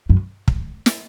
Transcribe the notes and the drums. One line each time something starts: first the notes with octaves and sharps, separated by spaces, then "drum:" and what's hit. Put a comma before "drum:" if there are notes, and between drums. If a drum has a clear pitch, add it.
F#2
drum: kick
drum: snare